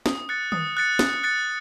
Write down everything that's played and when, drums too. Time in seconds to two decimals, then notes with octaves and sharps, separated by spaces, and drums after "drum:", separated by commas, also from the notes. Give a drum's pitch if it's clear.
0.06 D#6, drum: snare
0.29 F#6 A6 C#7
0.52 D#6, drum: tom
0.77 F#6 A6 C#7
0.99 D#6, drum: snare
1.23 F#6 A6 C#7